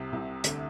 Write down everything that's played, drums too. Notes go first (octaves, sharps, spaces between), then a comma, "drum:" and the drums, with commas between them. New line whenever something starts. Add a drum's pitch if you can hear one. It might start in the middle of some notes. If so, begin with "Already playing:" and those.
Already playing: C2 C3
C2 C3
D2 D3, drum: hi-hat